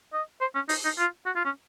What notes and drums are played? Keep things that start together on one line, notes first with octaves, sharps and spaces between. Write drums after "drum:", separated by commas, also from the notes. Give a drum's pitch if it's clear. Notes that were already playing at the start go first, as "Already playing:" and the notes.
D#5
C5
C#4
D#4, drum: open hi-hat
D#4
F4
F#4
F4
C#4